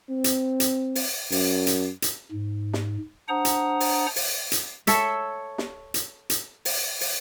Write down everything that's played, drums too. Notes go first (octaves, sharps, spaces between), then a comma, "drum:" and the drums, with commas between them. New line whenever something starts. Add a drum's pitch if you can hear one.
C4
drum: hi-hat
drum: hi-hat
drum: open hi-hat
F#2, drum: open hi-hat
drum: hi-hat
drum: hi-hat
G#2
drum: snare
D4 C5 F#5 A#5 D#6
drum: hi-hat
drum: open hi-hat
drum: open hi-hat
drum: hi-hat
A4 C#5 E5, drum: hi-hat
drum: snare
drum: hi-hat
drum: hi-hat
drum: open hi-hat
drum: open hi-hat